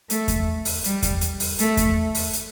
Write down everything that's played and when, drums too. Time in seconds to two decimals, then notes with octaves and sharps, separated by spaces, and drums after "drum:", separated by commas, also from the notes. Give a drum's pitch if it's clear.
0.10 A3, drum: hi-hat
0.28 drum: kick E2, hi-hat
0.65 drum: open hi-hat
0.84 G3, drum: hi-hat
1.02 drum: kick E2, hi-hat
1.21 drum: hi-hat
1.40 drum: open hi-hat
1.59 A3, drum: hi-hat
1.77 drum: kick E2, hi-hat
2.15 drum: open hi-hat
2.33 drum: hi-hat